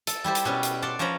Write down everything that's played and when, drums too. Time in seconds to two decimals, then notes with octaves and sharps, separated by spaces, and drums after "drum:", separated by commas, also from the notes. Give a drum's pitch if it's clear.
0.07 A4, drum: hi-hat
0.24 G3 E4 G4 C5
0.35 drum: hi-hat
0.45 B2 G3 C#4
0.63 drum: hi-hat
0.82 D5 F#5 A5 C6
0.99 F3 C#4 C5 C#5 A#5 B5